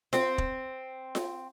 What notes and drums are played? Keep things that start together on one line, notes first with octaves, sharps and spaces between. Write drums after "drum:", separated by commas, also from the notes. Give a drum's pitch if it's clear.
C4, drum: snare F4
drum: kick
drum: snare F4